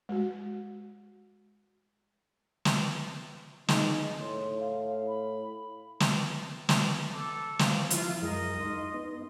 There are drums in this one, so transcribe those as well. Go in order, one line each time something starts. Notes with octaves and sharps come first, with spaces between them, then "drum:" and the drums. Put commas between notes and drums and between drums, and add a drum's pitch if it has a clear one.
G#3 F#4
drum: snare
D#4 G#4, drum: snare
A2 C6
F5
B5
drum: snare
drum: snare
A4 D6
C5 F5, drum: snare
F3 E4 F4, drum: hi-hat
F#2 G#3 A#4 D#5
D#4 C6
B3 D#4